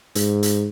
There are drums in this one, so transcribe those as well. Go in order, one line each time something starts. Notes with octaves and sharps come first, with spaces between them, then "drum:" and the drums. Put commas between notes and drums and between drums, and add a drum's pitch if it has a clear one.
G#2, drum: hi-hat
drum: hi-hat